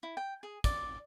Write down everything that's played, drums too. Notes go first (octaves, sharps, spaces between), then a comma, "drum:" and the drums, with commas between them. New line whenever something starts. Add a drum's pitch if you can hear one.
E4
G5
G#4
D5, drum: kick, hi-hat